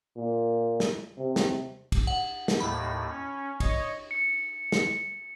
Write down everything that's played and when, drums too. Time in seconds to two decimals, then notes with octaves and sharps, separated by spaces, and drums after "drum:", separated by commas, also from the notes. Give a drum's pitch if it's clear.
0.17 A#2
0.80 drum: snare
1.17 C3
1.36 drum: snare
1.92 drum: kick, cymbal
2.07 F#5
2.48 drum: snare
2.60 D#2 A2 B5
3.10 C#4
3.60 C#5 D#5, drum: kick, cymbal
4.11 C#7
4.72 drum: snare